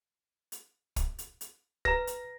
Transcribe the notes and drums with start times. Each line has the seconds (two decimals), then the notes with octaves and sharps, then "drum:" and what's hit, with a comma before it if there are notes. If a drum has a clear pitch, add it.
0.52 drum: hi-hat
0.96 drum: kick, hi-hat
1.19 drum: hi-hat
1.41 drum: hi-hat
1.85 B4 A#5 A#6, drum: kick
2.07 drum: hi-hat